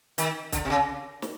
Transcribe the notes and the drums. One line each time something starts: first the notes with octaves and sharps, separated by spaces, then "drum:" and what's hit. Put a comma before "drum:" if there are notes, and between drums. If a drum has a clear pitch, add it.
D#3, drum: hi-hat
D3, drum: kick B1, hi-hat
C3
C#3
drum: snare